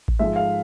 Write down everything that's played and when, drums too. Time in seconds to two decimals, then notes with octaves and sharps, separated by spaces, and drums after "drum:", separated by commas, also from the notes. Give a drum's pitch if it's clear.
0.08 drum: kick A1
0.19 G#2 F3 G#3 E5
0.36 F5